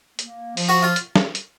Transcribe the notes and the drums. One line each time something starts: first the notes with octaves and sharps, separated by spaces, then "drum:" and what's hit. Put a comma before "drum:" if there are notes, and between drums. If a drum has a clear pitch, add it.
A#3, drum: hi-hat
F3, drum: open hi-hat
F#4
F4
drum: hi-hat
drum: snare
drum: hi-hat